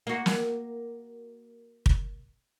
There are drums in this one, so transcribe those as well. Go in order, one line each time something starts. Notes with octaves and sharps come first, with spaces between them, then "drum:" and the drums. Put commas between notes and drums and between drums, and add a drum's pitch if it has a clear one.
A#3 F#4
drum: snare
drum: kick